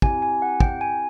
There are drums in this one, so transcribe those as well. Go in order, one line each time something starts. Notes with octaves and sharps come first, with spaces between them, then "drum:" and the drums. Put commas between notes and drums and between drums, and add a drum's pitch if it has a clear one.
C4 E4 G4 G#5, drum: kick
G#5
F#5
G5, drum: kick
G#5